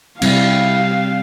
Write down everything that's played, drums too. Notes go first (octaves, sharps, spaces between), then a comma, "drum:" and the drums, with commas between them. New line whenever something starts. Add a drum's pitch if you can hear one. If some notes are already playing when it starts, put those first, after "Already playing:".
C3 G3 C4 E4 F5, drum: cymbal